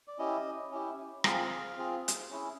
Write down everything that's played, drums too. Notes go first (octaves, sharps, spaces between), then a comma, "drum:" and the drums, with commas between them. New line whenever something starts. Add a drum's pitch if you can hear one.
D5
C#4 E4 G4 D#5
C#4 E4 G4
C4 F4 G#4 F5, drum: rim click
C4 F4 G#4
drum: hi-hat
C#4 E4 G#4